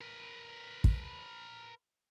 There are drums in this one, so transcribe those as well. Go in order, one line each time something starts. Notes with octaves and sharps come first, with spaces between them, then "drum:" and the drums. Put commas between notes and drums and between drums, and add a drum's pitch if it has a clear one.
A#4 B4
drum: kick